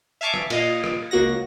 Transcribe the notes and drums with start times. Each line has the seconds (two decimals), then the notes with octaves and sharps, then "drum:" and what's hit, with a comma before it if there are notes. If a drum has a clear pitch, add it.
0.21 E5 F5 G#5 A5 C#6 D6
0.34 drum: rim click
0.50 A#2 D#5 F5, drum: cymbal
0.84 drum: rim click
1.11 C#2 A#3 F#4 F#5 A#6